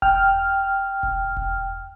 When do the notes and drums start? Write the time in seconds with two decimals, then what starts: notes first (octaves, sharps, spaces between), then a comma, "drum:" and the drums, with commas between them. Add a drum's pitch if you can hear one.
0.02 G5 F6, drum: kick E1
1.03 drum: kick E1
1.37 drum: kick E1